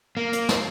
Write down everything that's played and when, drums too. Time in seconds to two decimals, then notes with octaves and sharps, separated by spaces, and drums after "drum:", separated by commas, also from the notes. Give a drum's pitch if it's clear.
0.17 A#3
0.33 drum: hi-hat
0.49 drum: snare